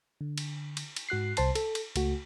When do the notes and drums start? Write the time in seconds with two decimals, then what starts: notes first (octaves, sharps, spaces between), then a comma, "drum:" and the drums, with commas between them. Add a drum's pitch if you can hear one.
0.21 D3
0.38 drum: cymbal
0.77 drum: cymbal
0.96 drum: cymbal
1.09 G#2 F#4 F#6 C7
1.37 C2 C5 A5 C7, drum: cymbal
1.55 A4, drum: cymbal
1.75 drum: cymbal
1.96 C#2 A3 F#4, drum: cymbal